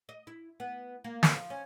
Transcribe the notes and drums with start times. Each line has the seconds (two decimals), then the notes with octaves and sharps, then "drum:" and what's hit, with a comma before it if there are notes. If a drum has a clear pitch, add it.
0.09 D#5
0.27 E4
0.60 B3
1.04 A#3
1.23 drum: snare
1.35 F3
1.50 C#4